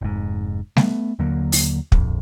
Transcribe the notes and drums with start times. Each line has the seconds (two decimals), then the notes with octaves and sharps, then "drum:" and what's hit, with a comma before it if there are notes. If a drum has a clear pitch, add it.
0.01 F1 G#2
0.77 A3 B3, drum: snare G3
1.19 D#2 D3 F#3 A#3
1.52 drum: open hi-hat
1.92 A#1 F2, drum: kick